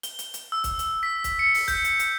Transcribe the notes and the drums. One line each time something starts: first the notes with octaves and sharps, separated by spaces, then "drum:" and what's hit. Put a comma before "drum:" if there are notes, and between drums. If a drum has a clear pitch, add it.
G7, drum: hi-hat
drum: hi-hat
drum: hi-hat
E6
drum: kick, hi-hat
drum: hi-hat
B6
drum: kick, hi-hat
C#7
drum: open hi-hat
G6, drum: kick, hi-hat
drum: hi-hat
drum: hi-hat